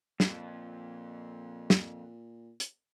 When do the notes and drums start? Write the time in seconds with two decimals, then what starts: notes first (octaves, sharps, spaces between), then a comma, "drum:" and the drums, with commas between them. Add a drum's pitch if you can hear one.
0.20 F2 A#2, drum: snare
1.70 drum: snare
2.60 drum: hi-hat